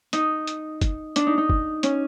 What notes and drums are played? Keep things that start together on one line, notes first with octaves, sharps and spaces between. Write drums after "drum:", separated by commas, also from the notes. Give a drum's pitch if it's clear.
D#4, drum: hi-hat
drum: hi-hat
drum: kick, hi-hat
D4, drum: hi-hat
D#4
D#4
drum: kick
C#4, drum: hi-hat